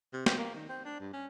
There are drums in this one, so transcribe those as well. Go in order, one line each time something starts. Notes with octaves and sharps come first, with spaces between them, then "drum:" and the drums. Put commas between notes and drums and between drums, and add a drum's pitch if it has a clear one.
C3
C4, drum: snare
A#3
D#3
C4
D4
G2
C#4